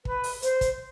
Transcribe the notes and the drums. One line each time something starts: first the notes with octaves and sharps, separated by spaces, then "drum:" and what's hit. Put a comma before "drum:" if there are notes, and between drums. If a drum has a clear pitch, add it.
B4, drum: kick
drum: open hi-hat
C5, drum: hi-hat
drum: kick, hi-hat